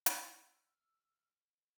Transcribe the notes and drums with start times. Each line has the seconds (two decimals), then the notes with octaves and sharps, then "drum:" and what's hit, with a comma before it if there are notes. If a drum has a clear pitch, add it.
0.06 drum: hi-hat
0.18 E6 F6